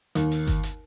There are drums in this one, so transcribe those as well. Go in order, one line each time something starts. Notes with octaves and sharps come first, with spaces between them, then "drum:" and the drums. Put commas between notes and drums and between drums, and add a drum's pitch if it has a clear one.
D#2, drum: hi-hat
drum: open hi-hat
drum: kick G1, hi-hat
drum: hi-hat